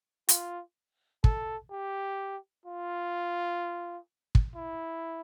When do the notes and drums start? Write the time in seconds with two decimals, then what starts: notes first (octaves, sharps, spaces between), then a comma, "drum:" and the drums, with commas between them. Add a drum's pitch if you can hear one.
0.29 F4, drum: hi-hat
1.24 A4, drum: kick
1.71 G4
2.66 F4
4.35 drum: kick
4.56 E4